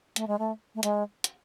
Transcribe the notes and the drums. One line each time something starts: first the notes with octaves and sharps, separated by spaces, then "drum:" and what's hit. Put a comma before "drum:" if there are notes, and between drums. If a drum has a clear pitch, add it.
A3, drum: hi-hat
G#3
A3
A3
G#3, drum: hi-hat
drum: hi-hat